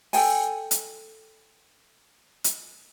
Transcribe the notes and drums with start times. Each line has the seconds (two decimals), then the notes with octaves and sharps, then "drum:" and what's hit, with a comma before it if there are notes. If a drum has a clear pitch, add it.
0.13 A4 G5 G#5, drum: open hi-hat
0.71 drum: hi-hat
2.44 drum: hi-hat